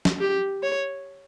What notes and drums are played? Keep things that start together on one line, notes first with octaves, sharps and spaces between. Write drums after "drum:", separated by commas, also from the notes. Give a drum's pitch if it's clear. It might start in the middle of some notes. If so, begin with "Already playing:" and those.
drum: snare
G4
C#5